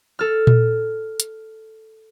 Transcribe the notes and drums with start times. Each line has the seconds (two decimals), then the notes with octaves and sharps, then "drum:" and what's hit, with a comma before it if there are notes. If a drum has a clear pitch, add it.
0.19 A4 F6
0.47 drum: tom A#2
1.20 drum: hi-hat